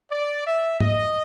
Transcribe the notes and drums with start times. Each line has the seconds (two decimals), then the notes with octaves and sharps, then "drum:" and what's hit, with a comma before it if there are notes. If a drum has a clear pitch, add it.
0.11 D5
0.47 E5
0.80 D#5, drum: tom